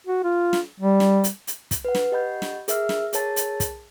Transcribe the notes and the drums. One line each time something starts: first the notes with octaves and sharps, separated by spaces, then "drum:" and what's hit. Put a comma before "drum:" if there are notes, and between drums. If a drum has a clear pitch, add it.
F#4
F4
drum: snare
G3
drum: snare
drum: hi-hat
drum: hi-hat
drum: kick, hi-hat
B4 F#5
drum: snare
G4 D#5 F#5 B5 G6
drum: snare
G#4 A#4 E5 E6 F6, drum: hi-hat
drum: snare
G#4 A#4 C#5 A5 A6, drum: hi-hat
drum: hi-hat
drum: kick, hi-hat